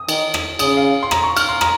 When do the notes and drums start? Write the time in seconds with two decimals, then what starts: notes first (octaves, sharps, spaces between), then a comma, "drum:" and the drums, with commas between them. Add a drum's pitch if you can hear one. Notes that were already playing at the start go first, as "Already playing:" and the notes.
Already playing: D#6
0.09 D#3, drum: cymbal
0.34 drum: rim click
0.59 C#3 D#6, drum: cymbal
0.77 F5
1.03 C6
1.11 A#5, drum: rim click
1.24 C#6
1.37 F6, drum: cymbal
1.49 C6
1.61 A#5, drum: rim click